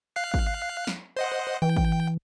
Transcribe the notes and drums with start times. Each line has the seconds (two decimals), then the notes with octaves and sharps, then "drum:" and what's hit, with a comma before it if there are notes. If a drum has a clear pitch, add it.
0.16 F5 F#6 C7
0.34 drum: kick
0.87 drum: snare
1.17 C5 D#5 F#5
1.62 E3 G5
1.76 drum: kick